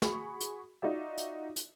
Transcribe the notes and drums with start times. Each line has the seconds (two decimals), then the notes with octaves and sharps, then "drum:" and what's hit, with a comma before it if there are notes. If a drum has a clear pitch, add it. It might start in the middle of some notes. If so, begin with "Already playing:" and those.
0.02 F#4 G#4 B5 C#6, drum: snare
0.40 drum: hi-hat
0.82 D#4 F4 F#4 D5 E5
1.18 drum: hi-hat
1.56 drum: hi-hat